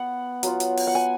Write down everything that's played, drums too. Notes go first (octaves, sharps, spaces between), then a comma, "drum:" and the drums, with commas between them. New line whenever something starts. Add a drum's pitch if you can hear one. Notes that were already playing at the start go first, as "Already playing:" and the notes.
Already playing: B3 F#5
F#3 B3 F4, drum: hi-hat
drum: hi-hat
drum: open hi-hat
F#5
G#5